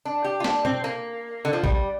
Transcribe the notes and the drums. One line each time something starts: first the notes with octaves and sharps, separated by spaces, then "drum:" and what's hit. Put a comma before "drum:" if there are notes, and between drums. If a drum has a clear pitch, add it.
D4
G4
F4
D4, drum: snare
C4, drum: tom B2
A#3
D3
F3
G3, drum: kick A#1